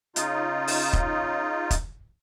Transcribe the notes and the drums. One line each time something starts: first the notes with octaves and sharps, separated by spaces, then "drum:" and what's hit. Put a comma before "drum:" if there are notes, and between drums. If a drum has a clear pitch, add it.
C#3 D#4 F4, drum: hi-hat
drum: open hi-hat
drum: kick
drum: kick, hi-hat